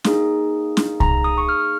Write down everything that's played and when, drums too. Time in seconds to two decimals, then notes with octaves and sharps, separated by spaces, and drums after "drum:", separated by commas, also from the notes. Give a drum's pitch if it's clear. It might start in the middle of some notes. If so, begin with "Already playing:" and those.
0.04 A#3 D#4 G#4, drum: snare
0.77 drum: snare
1.00 A#5, drum: kick C2
1.24 D#6
1.38 C#6
1.49 F6